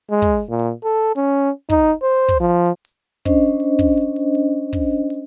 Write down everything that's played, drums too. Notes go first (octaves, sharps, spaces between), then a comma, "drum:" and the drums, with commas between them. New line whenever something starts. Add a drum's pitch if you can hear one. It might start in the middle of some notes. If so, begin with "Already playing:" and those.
G#3
drum: kick, hi-hat
A#2
drum: hi-hat
A4
C#4, drum: hi-hat
D#4, drum: kick, hi-hat
C5
drum: kick, hi-hat
F3
drum: hi-hat
drum: hi-hat
C#4 D4 C5 D#5, drum: kick, hi-hat
drum: hi-hat
drum: kick, hi-hat
drum: hi-hat
drum: hi-hat
drum: hi-hat
drum: kick, hi-hat
drum: hi-hat